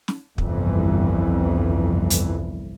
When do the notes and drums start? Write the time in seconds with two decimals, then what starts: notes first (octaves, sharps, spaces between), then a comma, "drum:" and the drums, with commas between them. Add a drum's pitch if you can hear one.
0.08 drum: snare
0.38 G1 C2 F2 E3, drum: kick
2.10 drum: hi-hat